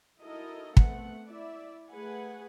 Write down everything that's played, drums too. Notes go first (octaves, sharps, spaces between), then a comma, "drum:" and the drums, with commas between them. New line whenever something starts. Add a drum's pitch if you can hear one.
D#4 E4 F#4 A4 A#4 D#5
A3 B3 C4 F#5, drum: kick
E4 D5 E5
A3 G#4 B4 F#5 G#5